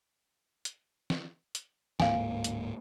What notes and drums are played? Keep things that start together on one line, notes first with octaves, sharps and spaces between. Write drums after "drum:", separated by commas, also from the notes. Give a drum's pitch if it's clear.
drum: hi-hat
drum: snare
drum: hi-hat
D1 G#2 A#3 F5 G#5, drum: snare
drum: hi-hat